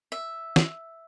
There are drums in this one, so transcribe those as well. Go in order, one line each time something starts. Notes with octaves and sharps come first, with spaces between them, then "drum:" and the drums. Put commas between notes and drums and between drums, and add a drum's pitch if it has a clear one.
E5
drum: snare